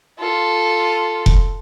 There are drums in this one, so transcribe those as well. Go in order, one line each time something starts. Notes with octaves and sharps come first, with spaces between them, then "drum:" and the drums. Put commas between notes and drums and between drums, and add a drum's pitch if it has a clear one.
F4 A4
drum: kick F1